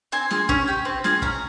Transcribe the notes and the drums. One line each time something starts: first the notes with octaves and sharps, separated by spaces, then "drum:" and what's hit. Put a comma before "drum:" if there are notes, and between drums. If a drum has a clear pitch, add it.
C4 G#5
F4 G#4, drum: snare
C#4, drum: kick
G4
C4
F4 G#4, drum: snare
C#4 A#5, drum: kick